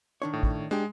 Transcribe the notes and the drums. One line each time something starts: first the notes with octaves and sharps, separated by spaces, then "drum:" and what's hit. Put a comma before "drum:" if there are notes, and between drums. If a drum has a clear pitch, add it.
D#3 D4 C#5
A2
drum: kick
G#3 D4 G4